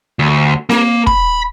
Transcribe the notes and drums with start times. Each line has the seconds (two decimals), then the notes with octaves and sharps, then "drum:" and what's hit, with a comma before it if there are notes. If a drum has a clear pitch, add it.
0.19 D2
0.70 A#3, drum: snare C4
1.07 B5, drum: kick